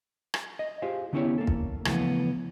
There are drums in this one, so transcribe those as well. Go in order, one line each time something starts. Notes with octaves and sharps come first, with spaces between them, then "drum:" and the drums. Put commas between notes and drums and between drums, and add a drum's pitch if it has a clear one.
drum: rim click
D#5
F4 G4 G#4 C5 F5
D3 B3 C#4 E4 G4 C#5
A#3 A4
drum: kick
C#3 E3 F3 A3 B3, drum: rim click